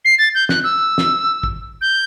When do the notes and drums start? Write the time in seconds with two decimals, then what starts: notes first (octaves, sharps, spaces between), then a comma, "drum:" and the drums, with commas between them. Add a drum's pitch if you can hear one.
0.05 C7
0.18 A6
0.34 G6
0.49 F#6, drum: snare
0.64 E6
0.98 drum: snare
1.43 drum: kick
1.81 G6